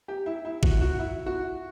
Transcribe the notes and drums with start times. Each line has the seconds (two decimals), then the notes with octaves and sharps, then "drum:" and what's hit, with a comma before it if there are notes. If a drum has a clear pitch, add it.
0.08 G4
0.26 E4
0.45 E4
0.63 F#4, drum: kick G#1
0.81 F#4
0.99 E4
1.26 F#4